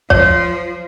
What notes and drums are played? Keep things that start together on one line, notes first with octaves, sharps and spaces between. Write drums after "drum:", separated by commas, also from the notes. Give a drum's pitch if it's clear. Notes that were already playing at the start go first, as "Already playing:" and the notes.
F3 C#5, drum: kick